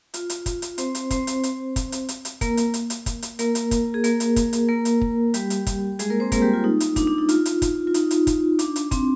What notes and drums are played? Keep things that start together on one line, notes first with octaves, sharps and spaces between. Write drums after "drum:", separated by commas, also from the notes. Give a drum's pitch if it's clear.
F4, drum: hi-hat
drum: hi-hat
drum: kick, hi-hat
drum: hi-hat
C4 C5, drum: hi-hat
drum: hi-hat
C4 C5, drum: kick, hi-hat
drum: hi-hat
drum: hi-hat
drum: kick, hi-hat
drum: hi-hat
drum: hi-hat
drum: hi-hat
A#3 A#4, drum: kick, hi-hat
drum: hi-hat
drum: hi-hat
drum: hi-hat
drum: kick, hi-hat
drum: hi-hat
A#3 A#4, drum: hi-hat
drum: hi-hat
drum: kick, hi-hat
G#4
A#3 A#4, drum: hi-hat
drum: hi-hat
drum: kick, hi-hat
drum: hi-hat
A#3 A#4
drum: hi-hat
drum: kick
G3 G4, drum: hi-hat
drum: hi-hat
drum: kick, hi-hat
G#3 G#4, drum: hi-hat
A#3 A#4
C4 C5
A#3 A#4, drum: kick, hi-hat
G3 G4
F4
D#4
drum: hi-hat
D4, drum: kick, hi-hat
D4
D#4
F4, drum: hi-hat
drum: hi-hat
drum: kick, hi-hat
F4
D#4, drum: hi-hat
drum: hi-hat
drum: kick, hi-hat
D4, drum: hi-hat
drum: hi-hat
C4, drum: kick, hi-hat